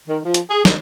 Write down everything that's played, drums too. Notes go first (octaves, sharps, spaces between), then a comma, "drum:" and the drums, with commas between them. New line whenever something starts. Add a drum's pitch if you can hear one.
D#3
F3
drum: hi-hat
G#4
D#3, drum: snare